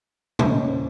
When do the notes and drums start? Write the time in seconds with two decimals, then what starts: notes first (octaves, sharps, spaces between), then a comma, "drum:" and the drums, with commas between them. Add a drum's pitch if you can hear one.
0.39 E2 C#3 F3 A#3 C#4 E5, drum: tom
0.49 D#5
0.59 C#5
0.68 C5